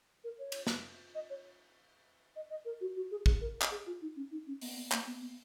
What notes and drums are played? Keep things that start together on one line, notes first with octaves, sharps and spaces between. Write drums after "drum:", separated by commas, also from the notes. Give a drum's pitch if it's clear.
A#4
C#5
drum: cymbal
drum: snare
D#5
C#5
D#5
D#5
A#4
F#4
F#4
G#4
G#4, drum: kick
A#4
drum: clap
G#4
F4
D#4
C#4
D#4
C#4
B3, drum: open hi-hat
B3
A#3, drum: clap
B3
B3